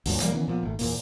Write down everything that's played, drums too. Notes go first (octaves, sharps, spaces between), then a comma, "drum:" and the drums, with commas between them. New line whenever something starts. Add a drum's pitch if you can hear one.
D2 G2 A#2, drum: open hi-hat
E1 F3 G3 A#3, drum: hi-hat
D#3 E3 B3 C#4
A#2 F3 B3
G#1 A3
E2 A#2 A#3, drum: open hi-hat